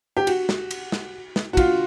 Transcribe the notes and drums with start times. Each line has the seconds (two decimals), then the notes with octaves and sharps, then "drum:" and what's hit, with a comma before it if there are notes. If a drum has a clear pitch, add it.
0.17 G4
0.27 F#4, drum: cymbal
0.49 drum: snare
0.71 drum: cymbal
0.92 drum: snare
1.36 drum: snare
1.53 F#4
1.57 F4, drum: kick, cymbal